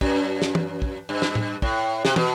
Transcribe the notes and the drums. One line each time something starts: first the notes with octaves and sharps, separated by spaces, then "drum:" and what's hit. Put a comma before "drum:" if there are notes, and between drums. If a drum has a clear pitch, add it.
F#2, drum: kick
drum: snare
drum: tom
drum: kick
G2
drum: snare
drum: tom A2
A2, drum: kick
C3, drum: snare
B2, drum: tom